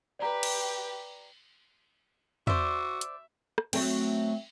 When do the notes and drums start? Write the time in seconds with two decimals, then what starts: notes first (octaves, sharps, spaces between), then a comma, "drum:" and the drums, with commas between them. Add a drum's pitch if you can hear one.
0.19 G4 B4 D5 A#5
0.43 drum: cymbal
2.47 F#4 C5 D5 E5, drum: tom E2
3.01 drum: hi-hat
3.58 drum: rim click
3.73 F#3 A3 C4, drum: cymbal